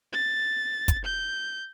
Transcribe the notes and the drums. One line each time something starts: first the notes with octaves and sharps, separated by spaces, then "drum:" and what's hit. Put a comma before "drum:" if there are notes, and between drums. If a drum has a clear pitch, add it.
A6
drum: kick, hi-hat
G6